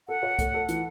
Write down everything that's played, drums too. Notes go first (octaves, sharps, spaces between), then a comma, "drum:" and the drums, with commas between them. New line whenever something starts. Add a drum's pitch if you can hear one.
A4 F#5
C#5
A3, drum: kick C#2, hi-hat
A4
E3, drum: hi-hat